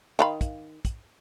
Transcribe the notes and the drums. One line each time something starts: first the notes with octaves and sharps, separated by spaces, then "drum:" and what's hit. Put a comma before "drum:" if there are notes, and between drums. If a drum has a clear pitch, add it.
D#3 F5 B5
drum: kick, hi-hat
drum: kick, hi-hat